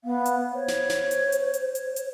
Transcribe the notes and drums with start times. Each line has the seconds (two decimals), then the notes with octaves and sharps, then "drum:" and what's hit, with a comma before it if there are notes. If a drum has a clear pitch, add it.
0.04 B3 F5
0.26 drum: hi-hat
0.53 C5 C#5
0.68 drum: snare
0.90 drum: snare
1.11 drum: hi-hat
1.32 drum: hi-hat
1.54 drum: hi-hat
1.75 drum: hi-hat
1.96 drum: hi-hat